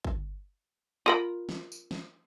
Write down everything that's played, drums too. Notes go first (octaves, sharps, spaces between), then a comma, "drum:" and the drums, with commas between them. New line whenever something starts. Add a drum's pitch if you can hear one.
drum: kick
F4 A#4 B5
drum: snare
drum: tambourine
drum: snare